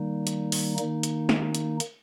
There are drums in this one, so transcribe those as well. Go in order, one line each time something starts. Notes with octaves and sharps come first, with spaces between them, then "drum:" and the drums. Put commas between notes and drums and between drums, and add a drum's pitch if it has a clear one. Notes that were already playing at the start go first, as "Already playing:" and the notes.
Already playing: D#3 G3 A#3 D#4
drum: hi-hat
drum: open hi-hat
D#3 A#3 D#4, drum: hi-hat
drum: hi-hat
drum: snare
drum: hi-hat
drum: hi-hat